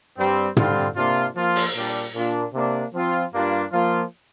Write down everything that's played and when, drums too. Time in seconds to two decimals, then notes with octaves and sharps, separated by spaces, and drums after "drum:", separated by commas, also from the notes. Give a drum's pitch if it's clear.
0.18 G2 G3 C4
0.57 D3 G3 C4 F4, drum: tom
0.96 C3 A#3 D4 F4
1.36 F3 A#3 F4
1.56 drum: open hi-hat
1.75 A#2 G3 D4
2.14 A#2 A#3 D4 F4
2.54 C3 A#3 D4
2.93 F3 C4 F4
3.33 G2 G3 A#3 D4 F4
3.72 F3 A#3 F4